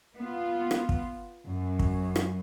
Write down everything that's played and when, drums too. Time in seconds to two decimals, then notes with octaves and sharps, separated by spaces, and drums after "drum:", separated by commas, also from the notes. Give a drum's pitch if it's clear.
0.16 B3 F4
0.71 drum: rim click
0.89 drum: kick
1.47 F#2
1.79 drum: kick
2.16 drum: rim click